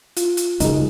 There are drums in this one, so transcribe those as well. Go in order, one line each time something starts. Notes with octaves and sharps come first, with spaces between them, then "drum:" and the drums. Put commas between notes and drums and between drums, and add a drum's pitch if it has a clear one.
F4, drum: hi-hat
drum: hi-hat
C#2 F#2 G#3 D#4, drum: hi-hat